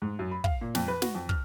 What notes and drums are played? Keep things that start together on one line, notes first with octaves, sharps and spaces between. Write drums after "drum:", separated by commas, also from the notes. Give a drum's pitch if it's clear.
G#2
F#2
B5
F5, drum: kick
A#2
F2, drum: snare
B4
F#4, drum: snare
F2
F6, drum: kick